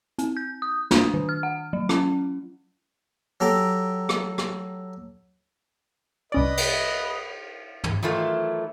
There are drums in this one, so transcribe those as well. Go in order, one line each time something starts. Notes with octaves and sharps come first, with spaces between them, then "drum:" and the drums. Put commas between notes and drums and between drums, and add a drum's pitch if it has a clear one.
C4, drum: hi-hat
G6
D#6
D4, drum: snare
D#3
F6
F#5
F#3
C#4, drum: rim click
F#3 G4 A4 A#5 D6
drum: rim click
drum: rim click
C2 C#4 B4 D5 D#5
drum: cymbal
drum: tom
D#3 E3 F#3 A3 F4